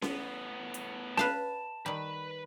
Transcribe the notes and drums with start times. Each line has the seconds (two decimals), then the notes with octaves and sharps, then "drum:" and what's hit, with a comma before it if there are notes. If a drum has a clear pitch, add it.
0.02 A2 B3, drum: snare C#4
0.74 drum: hi-hat
1.17 B4 F5 G5 A5, drum: snare C#4
1.86 D#3 G3 B4 B5